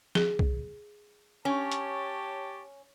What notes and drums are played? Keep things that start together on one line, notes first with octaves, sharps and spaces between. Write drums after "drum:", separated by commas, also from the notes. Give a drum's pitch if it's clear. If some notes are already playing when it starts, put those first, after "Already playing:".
G#4, drum: snare F3
drum: kick C2
C#4 G4 C#5 A5
drum: hi-hat